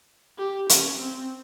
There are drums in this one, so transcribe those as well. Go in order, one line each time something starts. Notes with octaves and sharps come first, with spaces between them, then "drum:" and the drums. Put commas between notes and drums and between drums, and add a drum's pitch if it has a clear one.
G4
C#4, drum: hi-hat
C4